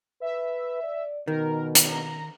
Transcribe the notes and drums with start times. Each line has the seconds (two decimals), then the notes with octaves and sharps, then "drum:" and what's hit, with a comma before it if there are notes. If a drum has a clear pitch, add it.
0.21 B4 E5
0.83 D5
1.28 B2 D#3 A#4
1.75 drum: hi-hat
1.88 A#5